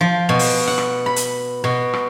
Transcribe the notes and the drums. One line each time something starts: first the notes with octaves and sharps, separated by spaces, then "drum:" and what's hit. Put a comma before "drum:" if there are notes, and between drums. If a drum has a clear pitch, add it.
F3
B2
drum: open hi-hat
F#5
drum: rim click
B5
drum: hi-hat
B2
drum: rim click